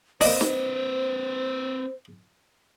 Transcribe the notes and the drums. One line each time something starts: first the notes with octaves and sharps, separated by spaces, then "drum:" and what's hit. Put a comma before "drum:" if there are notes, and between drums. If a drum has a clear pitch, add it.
A#3 C4 D4 B4 C5 D#5, drum: open hi-hat
drum: snare